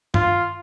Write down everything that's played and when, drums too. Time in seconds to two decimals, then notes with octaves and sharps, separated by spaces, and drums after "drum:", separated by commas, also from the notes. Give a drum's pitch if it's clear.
0.14 F4, drum: tom G2